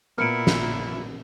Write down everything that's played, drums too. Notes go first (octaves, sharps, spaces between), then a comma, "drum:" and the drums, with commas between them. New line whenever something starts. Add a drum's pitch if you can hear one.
A#2 B3 E4 A#4 F6 C#7 D7
drum: snare